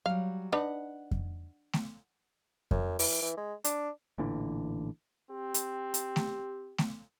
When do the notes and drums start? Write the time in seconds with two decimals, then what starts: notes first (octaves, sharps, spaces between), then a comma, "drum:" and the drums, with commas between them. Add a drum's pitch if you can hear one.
0.06 F#3 G3 F5
0.52 D4 D#4 B4 F#5
1.11 drum: kick F2
1.73 drum: snare A3
2.71 F#2, drum: kick F2
2.99 E3, drum: open hi-hat
3.22 E3
3.37 G#3
3.64 D4, drum: hi-hat
4.18 A1 A#2 D3 E3
5.31 C4 G4
5.54 drum: hi-hat
5.94 drum: hi-hat
6.16 drum: snare A3
6.78 drum: snare A3